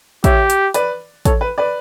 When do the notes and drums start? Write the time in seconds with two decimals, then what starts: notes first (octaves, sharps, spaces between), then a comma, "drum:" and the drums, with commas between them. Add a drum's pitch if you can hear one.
0.24 G4 C#5 E5, drum: kick, hi-hat
0.50 drum: hi-hat
0.74 B4 D5, drum: hi-hat
1.25 A4 C#5, drum: kick, hi-hat
1.41 B4
1.58 B4 D5